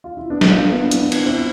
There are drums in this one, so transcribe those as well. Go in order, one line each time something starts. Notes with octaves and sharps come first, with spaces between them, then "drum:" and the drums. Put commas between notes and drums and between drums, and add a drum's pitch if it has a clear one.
F4
E4
B3 D4
drum: snare
D4 F4
B3 D4
E4
B3 D4, drum: hi-hat
B3 D4, drum: cymbal
C4 E4